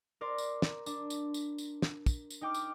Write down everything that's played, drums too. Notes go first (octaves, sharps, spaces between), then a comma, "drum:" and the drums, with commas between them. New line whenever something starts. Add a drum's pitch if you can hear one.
A#4 D5 C6
drum: tambourine
drum: snare
D4, drum: tambourine
drum: tambourine
drum: tambourine
drum: tambourine
drum: snare
drum: kick, tambourine
drum: tambourine
D#4 G5 D6 F6
drum: tambourine